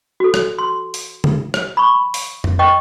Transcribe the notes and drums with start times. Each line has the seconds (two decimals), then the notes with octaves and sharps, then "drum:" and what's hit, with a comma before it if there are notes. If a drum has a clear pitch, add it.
0.20 F#4 A4
0.34 drum: rim click
0.59 C6
0.94 drum: open hi-hat
1.24 drum: tom C#3
1.54 drum: rim click
1.77 B5 C#6
2.14 drum: open hi-hat
2.44 drum: tom F2
2.59 D#5 G5 C#6